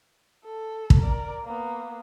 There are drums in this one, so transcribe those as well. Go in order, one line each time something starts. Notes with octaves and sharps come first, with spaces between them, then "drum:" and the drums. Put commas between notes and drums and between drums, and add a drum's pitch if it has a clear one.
A4
drum: kick
A#4 D5
A#3 B3